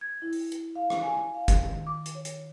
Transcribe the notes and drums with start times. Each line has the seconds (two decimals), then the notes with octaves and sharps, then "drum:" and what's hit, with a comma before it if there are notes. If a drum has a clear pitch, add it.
0.01 G#6
0.22 E4
0.33 drum: open hi-hat
0.52 drum: hi-hat
0.76 F5
0.90 drum: rim click
1.02 G#5
1.34 F5
1.48 drum: kick, hi-hat
1.63 D#3
1.87 D6
2.06 drum: hi-hat
2.15 C#5
2.25 drum: hi-hat